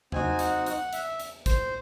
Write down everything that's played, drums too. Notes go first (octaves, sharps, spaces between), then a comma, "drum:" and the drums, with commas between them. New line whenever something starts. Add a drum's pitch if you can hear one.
C4 D#4 F#4 G#5, drum: tom E2
F#5, drum: hi-hat
F#5, drum: hi-hat
E5, drum: hi-hat
drum: hi-hat
C5, drum: kick G#1, hi-hat